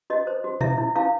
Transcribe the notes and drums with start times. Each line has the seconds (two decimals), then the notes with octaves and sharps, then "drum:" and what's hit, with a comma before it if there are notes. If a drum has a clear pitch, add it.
0.10 F#4 D#5
0.27 C5
0.44 F#4
0.61 E4 E5, drum: tom A#2
0.78 E4
0.96 E4 F5